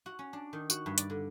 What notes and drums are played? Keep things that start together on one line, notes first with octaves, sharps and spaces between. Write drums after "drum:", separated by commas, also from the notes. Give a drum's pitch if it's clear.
F#4
C#4
D4
D#3
F#4, drum: tambourine
G2
D5, drum: hi-hat
D3